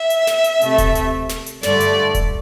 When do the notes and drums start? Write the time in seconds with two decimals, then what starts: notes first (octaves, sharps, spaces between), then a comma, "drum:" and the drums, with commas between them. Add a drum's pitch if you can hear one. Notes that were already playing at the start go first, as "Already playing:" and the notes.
Already playing: E5
0.10 drum: hi-hat
0.27 drum: snare
0.44 drum: hi-hat
0.61 C3 A3, drum: hi-hat
0.78 drum: kick D#1, hi-hat
0.95 drum: hi-hat
1.29 drum: snare
1.46 drum: hi-hat
1.63 G2 D3 A3 D5, drum: snare
1.80 drum: hi-hat
2.14 drum: kick D#1, hi-hat